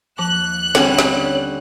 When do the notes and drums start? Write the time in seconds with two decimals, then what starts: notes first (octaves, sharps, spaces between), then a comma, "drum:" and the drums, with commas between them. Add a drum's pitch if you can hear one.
0.18 D#2 F3 A5 D6 F#6
0.75 D3 G3 C4 C#4 C#5, drum: snare
0.98 drum: snare